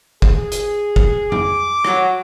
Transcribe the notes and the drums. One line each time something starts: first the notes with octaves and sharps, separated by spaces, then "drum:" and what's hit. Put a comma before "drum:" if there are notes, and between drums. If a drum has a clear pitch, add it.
G#4, drum: kick
drum: hi-hat
drum: kick
D6, drum: tom F2
F#3, drum: rim click